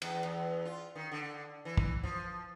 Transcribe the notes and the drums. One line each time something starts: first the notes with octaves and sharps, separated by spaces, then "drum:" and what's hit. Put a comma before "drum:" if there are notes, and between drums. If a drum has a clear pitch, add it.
E2, drum: cymbal
E2
F4
D#3
D3
E3
drum: kick
F3